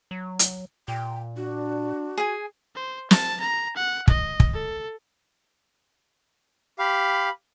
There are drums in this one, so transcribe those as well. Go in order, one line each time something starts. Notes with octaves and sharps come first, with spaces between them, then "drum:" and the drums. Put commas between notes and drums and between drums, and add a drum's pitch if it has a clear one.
F#3
drum: hi-hat
A#2 G5
D4 F#4
G#4 G#5
C5
A5, drum: snare
A#5
F#5
D#5, drum: kick
drum: kick
A4
G4 F5 B5